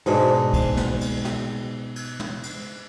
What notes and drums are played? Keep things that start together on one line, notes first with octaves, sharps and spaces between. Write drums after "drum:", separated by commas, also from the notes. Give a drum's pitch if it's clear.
G#2 B2 G#3 D4, drum: cymbal
drum: kick, cymbal
drum: snare
drum: cymbal
drum: snare
drum: cymbal
drum: tom
drum: cymbal